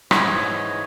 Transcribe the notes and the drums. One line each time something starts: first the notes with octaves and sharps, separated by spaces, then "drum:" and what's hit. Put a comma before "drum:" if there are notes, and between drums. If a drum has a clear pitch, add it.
G#2 E3 C#5 D#5, drum: rim click